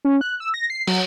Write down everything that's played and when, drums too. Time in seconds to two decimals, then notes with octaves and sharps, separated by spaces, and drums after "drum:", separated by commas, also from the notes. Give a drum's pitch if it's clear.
0.05 C#4
0.21 F#6
0.40 E6
0.54 A#6
0.70 C7
0.87 F#3, drum: cymbal